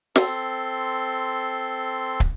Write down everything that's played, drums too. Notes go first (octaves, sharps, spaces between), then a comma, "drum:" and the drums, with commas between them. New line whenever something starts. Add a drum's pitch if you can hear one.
C4 A4 C6, drum: snare
drum: kick